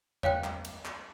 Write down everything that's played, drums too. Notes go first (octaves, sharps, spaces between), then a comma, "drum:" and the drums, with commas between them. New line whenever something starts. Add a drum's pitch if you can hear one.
C#5 F5 G5 F#6, drum: tom E2
drum: clap
drum: cymbal
drum: clap